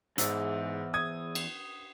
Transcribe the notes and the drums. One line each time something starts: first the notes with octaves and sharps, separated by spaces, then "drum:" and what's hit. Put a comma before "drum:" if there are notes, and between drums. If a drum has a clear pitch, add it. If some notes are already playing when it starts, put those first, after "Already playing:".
E2 G#2 G#4 C5 E6, drum: hi-hat
D#6 G#6
drum: cymbal